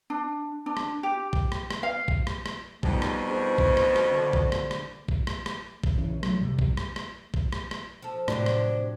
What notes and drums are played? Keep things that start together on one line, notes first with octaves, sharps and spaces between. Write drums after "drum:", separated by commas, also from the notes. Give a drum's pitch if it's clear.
D4
D4
drum: rim click
G4
drum: kick A1
drum: rim click
drum: rim click
F5
drum: kick A1
drum: rim click
drum: rim click
F2 B2 G3 D#4, drum: kick A1
drum: rim click
D4 G#4 C5
drum: kick A1
drum: rim click
drum: rim click
D3
drum: kick A1
drum: rim click
drum: rim click
drum: kick A1
drum: rim click
drum: rim click
drum: kick A1
A#1 C#3 E3
F#3 G#3 A3, drum: rim click
F2 C3 G3
drum: kick A1
drum: rim click
drum: rim click
drum: kick A1
drum: rim click
drum: rim click
F3 A4
A2 C3 F3 F#3 D4, drum: rim click
drum: rim click